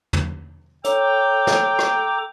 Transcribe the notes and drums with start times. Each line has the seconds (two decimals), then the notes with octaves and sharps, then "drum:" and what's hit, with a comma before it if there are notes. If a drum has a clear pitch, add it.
0.13 drum: tom
0.85 A4 C#5 G5 A#5 D6, drum: hi-hat
1.47 drum: snare
1.79 drum: rim click